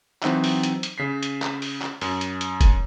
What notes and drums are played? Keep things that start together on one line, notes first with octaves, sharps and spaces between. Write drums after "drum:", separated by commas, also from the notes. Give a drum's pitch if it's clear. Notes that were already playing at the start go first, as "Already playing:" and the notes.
E3 F#3 C4 D#4 F#4 E5, drum: clap
drum: open hi-hat
drum: hi-hat
drum: hi-hat
C#3 B6 C7
drum: hi-hat
drum: clap
drum: open hi-hat
drum: clap
F#2, drum: open hi-hat
drum: hi-hat
drum: hi-hat
drum: kick F1, hi-hat